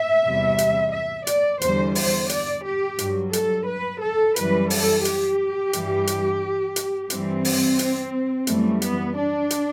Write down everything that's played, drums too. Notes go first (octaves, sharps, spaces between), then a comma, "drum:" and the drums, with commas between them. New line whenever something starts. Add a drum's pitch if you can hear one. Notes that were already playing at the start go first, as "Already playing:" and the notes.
Already playing: E5
E2 C3 G3
drum: hi-hat
E5
D5, drum: hi-hat
E2 D3 G3 C5, drum: hi-hat
C5, drum: open hi-hat
D5, drum: hi-hat
G4
G2 F#3, drum: hi-hat
A4, drum: hi-hat
B4
A4
F#2 E3 G3 B4, drum: hi-hat
A4, drum: open hi-hat
G4, drum: hi-hat
G2 E3 G3, drum: hi-hat
drum: hi-hat
drum: hi-hat
G2 E3 G3 C4, drum: hi-hat
drum: open hi-hat
drum: hi-hat
F#2 E3 G3 A3, drum: hi-hat
B3, drum: hi-hat
D4
drum: hi-hat